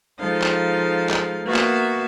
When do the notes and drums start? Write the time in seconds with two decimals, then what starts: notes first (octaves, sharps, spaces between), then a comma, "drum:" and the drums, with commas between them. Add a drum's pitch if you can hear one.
0.19 F3 G#3 D#4 A4 F5
0.42 drum: clap
1.10 drum: clap
1.45 A#3 B3 F#4 E5 F5
1.55 drum: clap